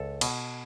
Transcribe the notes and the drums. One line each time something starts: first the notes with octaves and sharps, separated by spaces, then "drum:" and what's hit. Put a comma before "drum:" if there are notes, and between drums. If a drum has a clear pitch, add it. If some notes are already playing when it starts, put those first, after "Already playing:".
Already playing: C#2 A4
B2, drum: cymbal